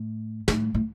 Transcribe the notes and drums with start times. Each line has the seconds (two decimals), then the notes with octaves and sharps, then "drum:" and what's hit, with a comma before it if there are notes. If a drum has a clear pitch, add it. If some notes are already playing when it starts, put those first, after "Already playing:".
Already playing: A2
0.48 A2, drum: snare
0.74 A2